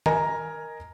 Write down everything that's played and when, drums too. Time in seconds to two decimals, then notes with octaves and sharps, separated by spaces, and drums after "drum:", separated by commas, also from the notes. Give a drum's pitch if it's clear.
0.06 A#4 D#5 G#5 A#5, drum: tom D#3